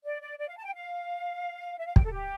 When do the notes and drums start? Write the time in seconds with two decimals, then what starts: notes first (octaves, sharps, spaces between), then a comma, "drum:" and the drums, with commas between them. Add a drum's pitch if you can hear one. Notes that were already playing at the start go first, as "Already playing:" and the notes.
0.05 D5
0.21 D5
0.38 D5
0.48 F5
0.57 A5
0.65 G5
0.74 F5
1.78 E5
1.87 F5
1.96 G5, drum: kick
2.05 A4
2.13 G4